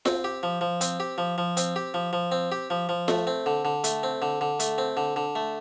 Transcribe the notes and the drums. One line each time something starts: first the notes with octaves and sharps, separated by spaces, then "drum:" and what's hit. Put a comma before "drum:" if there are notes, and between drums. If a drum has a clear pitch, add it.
C4, drum: snare F4
G4
F3
F3
C4, drum: hi-hat
G4
F3
F3
C4, drum: hi-hat
G4
F3
F3
C4
G4
F3
F3
A3, drum: snare F4
C4
D3
D3
A3, drum: hi-hat
C4
D3
D3
A3, drum: hi-hat
C4
D3
D3
A3